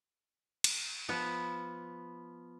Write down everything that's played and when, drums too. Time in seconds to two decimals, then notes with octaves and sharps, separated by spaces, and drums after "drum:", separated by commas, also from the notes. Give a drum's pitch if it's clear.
0.64 drum: cymbal
1.09 F3 B3